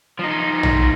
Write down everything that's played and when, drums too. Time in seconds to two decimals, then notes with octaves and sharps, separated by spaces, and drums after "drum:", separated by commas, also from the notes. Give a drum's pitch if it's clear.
0.19 F3 D#4
0.63 drum: tom